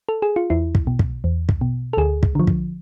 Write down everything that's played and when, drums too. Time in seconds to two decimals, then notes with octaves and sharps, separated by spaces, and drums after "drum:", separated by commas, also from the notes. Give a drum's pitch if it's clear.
0.09 A4
0.22 G#4
0.36 F4
0.50 E2 E4
0.75 drum: kick
0.87 B2
0.99 drum: kick
1.24 E2
1.49 drum: kick
1.61 B2
1.93 A4
1.97 D2 G#4
2.23 drum: kick
2.35 D3 F3
2.47 drum: kick